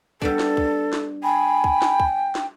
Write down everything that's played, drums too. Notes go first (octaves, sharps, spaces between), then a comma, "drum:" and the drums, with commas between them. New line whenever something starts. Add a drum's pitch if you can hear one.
G3 B3 D4 A4, drum: kick
drum: snare
drum: kick
drum: snare
G5 G#5 B5
drum: kick
drum: snare
drum: kick
drum: snare